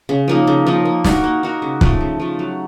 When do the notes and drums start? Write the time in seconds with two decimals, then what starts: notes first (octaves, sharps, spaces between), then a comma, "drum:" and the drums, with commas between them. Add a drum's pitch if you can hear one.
0.09 C#3
0.28 F3 A#3 D#4
0.47 C#3
0.67 F3 A#3 D#4
0.85 A#3
1.04 D#4 F#4 A#4, drum: snare
1.24 A#3
1.43 D#4 F#4 A#4
1.62 C#3
1.81 F3 A3, drum: kick
2.01 C#3
2.20 F3 A3
2.39 F#3